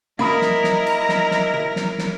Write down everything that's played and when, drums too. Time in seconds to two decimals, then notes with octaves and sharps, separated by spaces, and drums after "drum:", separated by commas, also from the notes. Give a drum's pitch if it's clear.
0.19 A#3 E4 A#4 D#5 E5 A#5 B5 D#6, drum: tom B2
0.42 drum: snare
0.64 drum: snare
0.86 drum: cymbal
1.09 drum: snare
1.31 drum: snare
1.54 drum: tom B2
1.76 drum: snare
1.99 drum: snare